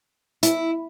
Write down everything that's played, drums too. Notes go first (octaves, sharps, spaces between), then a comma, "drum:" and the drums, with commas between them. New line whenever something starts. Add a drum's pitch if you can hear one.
E4, drum: hi-hat